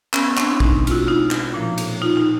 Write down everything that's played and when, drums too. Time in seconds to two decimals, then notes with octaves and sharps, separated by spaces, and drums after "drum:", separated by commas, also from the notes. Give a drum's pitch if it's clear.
0.13 B3 C#4, drum: clap
0.28 C#4
0.37 C4 D4, drum: clap
0.51 E4
0.60 B2 G#3 C#4 D#4, drum: kick
0.87 F4, drum: cymbal
0.91 E4 F#4
1.07 D#4 F4
1.31 drum: clap
1.54 A#2 F3 A#3
1.78 drum: cymbal
2.02 D#4 F4
2.16 D#4 F4